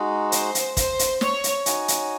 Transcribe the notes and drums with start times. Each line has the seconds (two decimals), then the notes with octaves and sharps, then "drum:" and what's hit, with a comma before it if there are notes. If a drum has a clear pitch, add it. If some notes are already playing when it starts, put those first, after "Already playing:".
Already playing: G#3 D#4 F#4
0.32 C5, drum: hi-hat
0.55 drum: hi-hat
0.77 C5, drum: kick, hi-hat
0.99 drum: hi-hat
1.21 C#5, drum: snare
1.44 drum: hi-hat
1.66 D#4 F#4 C#5 G#5, drum: hi-hat
1.88 drum: hi-hat